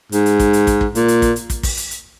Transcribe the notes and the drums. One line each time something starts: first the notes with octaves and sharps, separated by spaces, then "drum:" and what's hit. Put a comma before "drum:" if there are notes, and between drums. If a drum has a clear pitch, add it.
G#2, drum: hi-hat
drum: hi-hat
drum: kick, hi-hat
drum: hi-hat
drum: kick, hi-hat
drum: kick
A#2, drum: hi-hat
drum: hi-hat
drum: kick, hi-hat
drum: hi-hat
drum: kick, hi-hat
drum: kick, open hi-hat
drum: hi-hat
drum: hi-hat